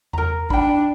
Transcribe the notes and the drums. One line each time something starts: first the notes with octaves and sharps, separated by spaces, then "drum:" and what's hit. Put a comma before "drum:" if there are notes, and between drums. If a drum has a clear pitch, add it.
A#4 A#5, drum: tom E2
D4 G5 B5, drum: kick